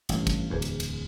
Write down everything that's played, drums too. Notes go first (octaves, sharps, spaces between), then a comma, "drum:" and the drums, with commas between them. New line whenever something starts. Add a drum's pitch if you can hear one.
A1 G2, drum: cymbal
drum: kick, cymbal
D1 E2
drum: cymbal
drum: cymbal